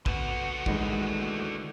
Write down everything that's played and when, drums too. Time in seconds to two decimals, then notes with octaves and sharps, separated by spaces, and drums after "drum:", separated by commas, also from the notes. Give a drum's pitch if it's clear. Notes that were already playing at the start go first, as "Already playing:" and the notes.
0.06 D3 B3 F#4, drum: kick
0.66 D#3 E3 G#3, drum: kick